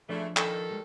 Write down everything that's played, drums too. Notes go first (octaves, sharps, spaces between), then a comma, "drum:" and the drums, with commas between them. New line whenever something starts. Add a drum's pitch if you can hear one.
C#3 E3 F3 A3 D4 D5
D#3 A4, drum: clap
G3 G#3